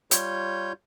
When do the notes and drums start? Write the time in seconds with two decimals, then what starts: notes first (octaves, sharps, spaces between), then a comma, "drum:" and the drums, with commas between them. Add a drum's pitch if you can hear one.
0.11 G3 F4 C#5 G6, drum: hi-hat